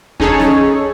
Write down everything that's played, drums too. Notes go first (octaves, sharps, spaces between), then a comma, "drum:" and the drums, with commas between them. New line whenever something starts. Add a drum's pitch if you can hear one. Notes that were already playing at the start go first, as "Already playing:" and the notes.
C#4 D#4 G#4 A4 C#5, drum: kick D#2
drum: snare